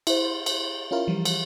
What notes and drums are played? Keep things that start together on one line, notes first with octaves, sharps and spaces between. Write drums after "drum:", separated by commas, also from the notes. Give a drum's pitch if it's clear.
E4 C5, drum: cymbal
drum: cymbal
C#4 E4 F4 A#4
E3 F3 G3
drum: cymbal